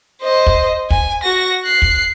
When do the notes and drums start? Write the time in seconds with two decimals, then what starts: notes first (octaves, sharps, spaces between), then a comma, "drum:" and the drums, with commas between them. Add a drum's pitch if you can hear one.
0.22 C5 D#5
0.47 drum: kick
0.91 G#5, drum: kick
1.23 F#4 A#6
1.64 F#6 C7
1.82 drum: kick